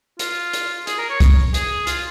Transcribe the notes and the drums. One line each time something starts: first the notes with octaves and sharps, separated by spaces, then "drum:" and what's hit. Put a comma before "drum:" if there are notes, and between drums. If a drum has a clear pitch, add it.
F4, drum: hi-hat
drum: hi-hat
G#4, drum: hi-hat
A#4
C#5
drum: kick C2, hi-hat
G#4, drum: hi-hat
F4, drum: hi-hat